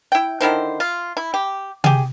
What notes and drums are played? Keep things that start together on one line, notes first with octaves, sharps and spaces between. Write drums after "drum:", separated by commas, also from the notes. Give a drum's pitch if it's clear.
E4 G5
D3 D#3 E4 C5
F4
E4
G4
G4 G#4, drum: tom C3